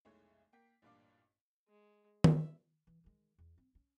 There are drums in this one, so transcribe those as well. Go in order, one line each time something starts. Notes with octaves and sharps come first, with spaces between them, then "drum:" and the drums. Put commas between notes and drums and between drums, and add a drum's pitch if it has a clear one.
F1 B1 G#3 A3 E4 C#5
A#3 G5 B6
A1 G2 A#2 D4 F5 D6
G#3
E5, drum: tom D#3
E3
D#3 G#3
E2
C4
C#4